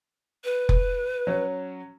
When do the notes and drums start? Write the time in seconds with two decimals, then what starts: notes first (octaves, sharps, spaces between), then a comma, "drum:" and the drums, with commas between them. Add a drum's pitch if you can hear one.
0.44 B4
0.69 drum: kick F1
1.27 F#3 C#4